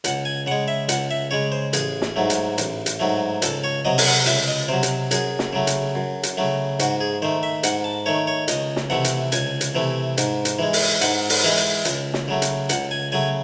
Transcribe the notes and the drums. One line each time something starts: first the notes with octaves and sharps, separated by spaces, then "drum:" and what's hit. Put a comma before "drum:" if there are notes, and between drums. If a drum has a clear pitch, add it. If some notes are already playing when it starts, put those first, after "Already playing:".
C#2 F#5, drum: hi-hat
G#5
C#3 G#3 F#5
E5
C#2 F#5, drum: hi-hat
E5
C#3 G#3 C#5
C5
A1 G#4, drum: hi-hat
drum: snare
G#2 F#3 A3
drum: hi-hat
A1, drum: hi-hat
drum: hi-hat
G#2 F#3 A3
C#2 A4, drum: hi-hat
C#5
C3 F#3 D#5
G#5, drum: open hi-hat
F#5
C#2 E5, drum: hi-hat
D#5
C3 F#3 C5
drum: hi-hat
F#2 G#4, drum: hi-hat
drum: snare
C#3 F#3 A3
drum: hi-hat
F#2
drum: hi-hat
C#3 F#3 A3
G#2 F#4, drum: hi-hat
G#4
D#3 A3 C5
E5
G#2 F#5, drum: hi-hat
A5
D#3 A3 C#5
C#5
C#2 D#5, drum: hi-hat
drum: snare
C3 E3 A3 F#5
drum: hi-hat
C#2 G#5, drum: hi-hat
drum: hi-hat
C3 E3 A3
G#2, drum: hi-hat
drum: hi-hat
E3 G#3
drum: open hi-hat
G#2 F#5, drum: hi-hat
drum: open hi-hat
E3 G#3
drum: hi-hat
C#2, drum: hi-hat
drum: snare
C#3 F#3 A3
drum: hi-hat
C#2 F#5, drum: hi-hat
G#5
C#3 F#3 A3 G#5